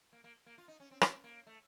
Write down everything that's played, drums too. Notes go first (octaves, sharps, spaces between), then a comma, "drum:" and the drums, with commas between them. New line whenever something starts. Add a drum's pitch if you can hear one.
A#3
A#3
A#3
F4
D#4
C#4
C4
C4, drum: rim click
A#3
A3